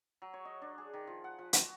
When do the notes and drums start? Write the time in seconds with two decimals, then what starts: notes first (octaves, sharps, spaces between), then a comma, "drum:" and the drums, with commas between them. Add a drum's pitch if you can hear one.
0.22 F#3
0.33 C#5
0.45 D#5
0.62 D4
0.78 G#4
0.93 D#3
1.07 F3
1.24 F#5
1.39 F3
1.53 F#4, drum: hi-hat